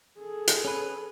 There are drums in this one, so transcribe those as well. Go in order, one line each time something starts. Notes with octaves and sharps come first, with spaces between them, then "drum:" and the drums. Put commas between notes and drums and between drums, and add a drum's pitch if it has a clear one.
G#4 A4
drum: hi-hat
C#4 B4